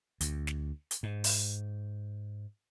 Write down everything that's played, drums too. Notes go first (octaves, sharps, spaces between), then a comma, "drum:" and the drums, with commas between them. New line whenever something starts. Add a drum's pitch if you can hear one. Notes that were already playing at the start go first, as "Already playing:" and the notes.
D2, drum: hi-hat
drum: snare
drum: hi-hat
G#2
drum: open hi-hat